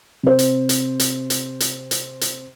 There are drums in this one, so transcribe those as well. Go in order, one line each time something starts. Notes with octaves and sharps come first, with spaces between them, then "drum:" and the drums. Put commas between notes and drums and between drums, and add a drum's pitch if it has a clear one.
C3 C5
drum: hi-hat
drum: hi-hat
drum: hi-hat
drum: hi-hat
drum: hi-hat
drum: hi-hat
drum: hi-hat